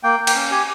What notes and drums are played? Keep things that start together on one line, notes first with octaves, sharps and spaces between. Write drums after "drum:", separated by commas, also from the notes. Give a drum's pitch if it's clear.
A#3 G5
A#3
G5, drum: cymbal
C#4
G4 G#5